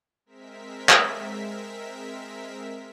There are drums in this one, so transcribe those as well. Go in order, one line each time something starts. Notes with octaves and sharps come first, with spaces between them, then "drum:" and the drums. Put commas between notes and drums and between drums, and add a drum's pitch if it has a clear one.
G#3 C4 A#4 E5 B6
drum: clap